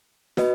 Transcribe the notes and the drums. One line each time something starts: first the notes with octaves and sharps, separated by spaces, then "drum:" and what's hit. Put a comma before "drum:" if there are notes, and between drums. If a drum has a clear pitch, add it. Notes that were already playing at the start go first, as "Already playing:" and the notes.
F#4 B4 D#5, drum: snare